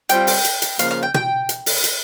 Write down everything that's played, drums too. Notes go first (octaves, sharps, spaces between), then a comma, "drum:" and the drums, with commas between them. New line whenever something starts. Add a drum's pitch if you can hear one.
G3 C4 F4 G5, drum: hi-hat
drum: open hi-hat
drum: hi-hat
drum: hi-hat
C#3 F3 A#3 F5, drum: hi-hat
F5
G5
G5, drum: tom B2
drum: hi-hat
drum: open hi-hat
drum: hi-hat